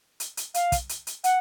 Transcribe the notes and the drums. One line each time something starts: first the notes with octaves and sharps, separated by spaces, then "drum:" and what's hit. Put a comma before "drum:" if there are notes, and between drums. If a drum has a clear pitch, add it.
drum: hi-hat
drum: hi-hat
F5, drum: hi-hat
drum: kick, hi-hat
drum: hi-hat
drum: hi-hat
F#5, drum: hi-hat